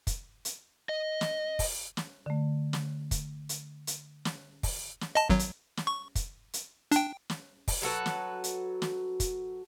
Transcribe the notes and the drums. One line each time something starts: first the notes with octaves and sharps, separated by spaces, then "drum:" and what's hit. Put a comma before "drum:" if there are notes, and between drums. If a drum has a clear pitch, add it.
drum: kick, hi-hat
drum: hi-hat
D#5
drum: snare
drum: kick, open hi-hat
drum: snare
D3 A3
drum: snare
drum: kick, hi-hat
drum: hi-hat
drum: hi-hat
drum: snare
drum: kick, open hi-hat
drum: snare
D#5 A5
G#1 F#3
drum: hi-hat
drum: snare
C#6
drum: kick, hi-hat
drum: hi-hat
D4 G5, drum: hi-hat
drum: snare
drum: kick, open hi-hat
F#3 F#4 A4 B4
drum: snare
drum: hi-hat
drum: snare
drum: kick, hi-hat